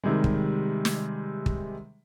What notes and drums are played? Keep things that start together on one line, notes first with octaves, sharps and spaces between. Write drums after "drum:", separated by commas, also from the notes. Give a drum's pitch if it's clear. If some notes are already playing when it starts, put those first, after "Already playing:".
C3 D#3 G3 G#3
drum: kick
drum: snare
drum: kick